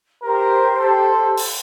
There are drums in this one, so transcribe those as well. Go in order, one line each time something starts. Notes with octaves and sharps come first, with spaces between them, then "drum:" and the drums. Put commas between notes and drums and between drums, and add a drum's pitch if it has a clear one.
G4 A#4 C5
A4
drum: open hi-hat